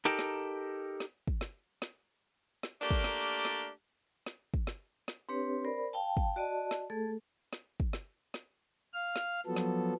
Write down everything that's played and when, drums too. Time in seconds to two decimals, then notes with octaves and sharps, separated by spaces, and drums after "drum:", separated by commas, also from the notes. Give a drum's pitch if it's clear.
0.05 D#4 G4 A4 A#4 G5
0.19 drum: snare
1.00 drum: snare
1.28 drum: kick
1.41 drum: snare
1.82 drum: snare
2.63 drum: snare
2.81 A3 A#3 D4 G4 A#4 D5
2.91 drum: kick
3.04 drum: snare
3.45 drum: snare
4.26 drum: snare
4.54 drum: kick
4.67 drum: snare
5.08 drum: snare
5.29 C4 D4 G4 B4 C#5
5.65 A#4 C5 D5 B5
5.93 F5 G5 A5
6.17 drum: kick
6.36 F#4 D5 D#5 A5
6.71 drum: snare
6.90 A3 G#4 A4
7.53 drum: snare
7.80 drum: kick
7.93 drum: snare
8.34 drum: snare
8.94 F5 F6
9.16 drum: snare
9.46 F3 F#3 B3 A4
9.56 drum: snare